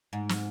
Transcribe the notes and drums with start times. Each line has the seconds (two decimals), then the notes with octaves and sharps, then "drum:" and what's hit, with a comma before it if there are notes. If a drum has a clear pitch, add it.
0.13 G#2
0.29 drum: snare